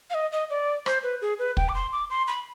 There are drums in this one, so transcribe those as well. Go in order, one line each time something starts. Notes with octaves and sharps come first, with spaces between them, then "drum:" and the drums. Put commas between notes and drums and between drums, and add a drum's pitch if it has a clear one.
F5
D#5
D#5
D5
C5, drum: rim click
B4
G#4
B4
G5, drum: kick
D6
C6
D6
C6
B5